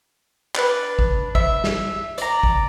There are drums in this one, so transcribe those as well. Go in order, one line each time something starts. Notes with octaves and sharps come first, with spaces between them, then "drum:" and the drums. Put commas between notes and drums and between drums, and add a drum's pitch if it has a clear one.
D4 B4, drum: clap
drum: kick
E5, drum: kick
drum: snare
D5 A#5, drum: hi-hat
drum: kick